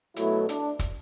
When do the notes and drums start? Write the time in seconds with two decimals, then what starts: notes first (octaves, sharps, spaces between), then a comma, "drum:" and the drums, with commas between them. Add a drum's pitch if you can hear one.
0.16 B2 F#3 A3 E4, drum: hi-hat
0.49 D4, drum: hi-hat
0.79 drum: kick, hi-hat